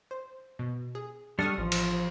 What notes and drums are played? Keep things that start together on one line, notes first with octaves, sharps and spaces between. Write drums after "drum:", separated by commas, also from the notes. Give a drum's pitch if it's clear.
C5
B2
G#4
G3 D4 A4 C#6 D#6 F6
A1 F3
drum: cymbal